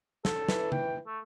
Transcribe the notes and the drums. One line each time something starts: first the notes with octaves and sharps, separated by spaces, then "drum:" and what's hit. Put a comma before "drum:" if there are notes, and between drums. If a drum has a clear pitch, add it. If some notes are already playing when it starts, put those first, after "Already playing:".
A4, drum: snare
E3, drum: snare
G5, drum: tom C#3
A3